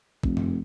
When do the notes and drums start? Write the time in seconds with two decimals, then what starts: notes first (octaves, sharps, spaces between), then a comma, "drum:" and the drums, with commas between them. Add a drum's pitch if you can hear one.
0.23 F1, drum: kick
0.37 drum: tom F#2